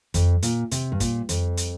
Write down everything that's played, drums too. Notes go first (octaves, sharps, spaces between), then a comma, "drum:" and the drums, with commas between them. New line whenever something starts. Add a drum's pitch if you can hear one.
F2, drum: kick, hi-hat
A#2, drum: hi-hat
C3, drum: hi-hat
G2
A#2, drum: kick, hi-hat
F2, drum: hi-hat
drum: hi-hat